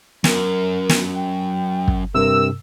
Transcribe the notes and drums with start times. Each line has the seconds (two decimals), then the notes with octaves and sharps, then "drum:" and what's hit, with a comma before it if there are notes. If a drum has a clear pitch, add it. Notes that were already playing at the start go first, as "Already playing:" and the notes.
0.24 F#2 A#4, drum: snare
0.89 drum: snare
1.15 G5
1.88 drum: kick
2.15 G2 C3 A#4 E6